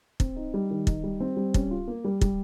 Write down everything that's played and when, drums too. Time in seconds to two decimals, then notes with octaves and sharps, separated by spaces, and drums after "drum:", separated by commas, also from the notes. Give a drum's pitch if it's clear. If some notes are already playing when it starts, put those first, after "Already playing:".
0.20 C4, drum: kick
0.36 D#4
0.54 G3
0.71 D#3
0.87 D#4, drum: kick
1.04 G3
1.20 C4
1.37 G3
1.54 C#4, drum: kick
1.71 F4
1.88 A#3
2.04 G3
2.21 G3, drum: kick